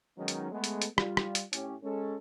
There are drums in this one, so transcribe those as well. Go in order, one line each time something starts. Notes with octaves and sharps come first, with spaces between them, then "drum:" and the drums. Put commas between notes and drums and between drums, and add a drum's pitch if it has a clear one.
D#3 F#3 G#3 B3 C#4 D#4
drum: hi-hat
G#3 A3 B3
drum: hi-hat
drum: hi-hat
G3 F4, drum: rim click
drum: rim click
drum: hi-hat
A2 C#4 G4, drum: hi-hat
G#3 C#4 A4